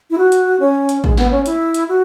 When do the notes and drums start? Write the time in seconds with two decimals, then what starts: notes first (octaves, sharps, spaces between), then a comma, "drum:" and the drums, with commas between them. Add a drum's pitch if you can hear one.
0.10 E4
0.18 F#4
0.32 drum: hi-hat
0.60 C#4
0.89 drum: hi-hat
1.04 G#3, drum: kick
1.17 B3, drum: snare
1.31 C#4
1.46 E4, drum: hi-hat
1.74 drum: hi-hat
1.89 F#4